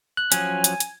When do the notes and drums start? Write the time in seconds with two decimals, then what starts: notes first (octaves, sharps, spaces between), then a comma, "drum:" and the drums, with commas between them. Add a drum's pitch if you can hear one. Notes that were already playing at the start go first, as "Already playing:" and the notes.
0.17 F#6
0.32 F3 F#3 C#4 G#5, drum: hi-hat
0.64 drum: hi-hat
0.80 drum: hi-hat